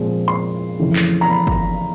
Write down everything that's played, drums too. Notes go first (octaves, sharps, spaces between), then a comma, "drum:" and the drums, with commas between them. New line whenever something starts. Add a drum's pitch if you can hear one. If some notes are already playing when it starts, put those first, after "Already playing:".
Already playing: A#2 F3 G#3 C4
C6
F2 C#3 E3 A3
drum: clap
A#5
B5
drum: kick